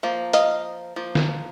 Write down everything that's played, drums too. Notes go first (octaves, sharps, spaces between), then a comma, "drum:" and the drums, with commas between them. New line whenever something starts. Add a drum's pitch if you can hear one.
F3 A#3
D#5 F5, drum: hi-hat
F3 A#3
drum: snare